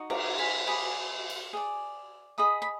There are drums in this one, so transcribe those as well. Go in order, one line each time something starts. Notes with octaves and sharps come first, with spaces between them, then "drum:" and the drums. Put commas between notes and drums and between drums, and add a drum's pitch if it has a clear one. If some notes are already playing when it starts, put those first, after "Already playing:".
Already playing: D#4 F#4
A#5 D6, drum: cymbal
G#5 B5
G#4 D5 G#5 B5
drum: cymbal
G#4 D5
G#4 D#5 B5 D#6
B5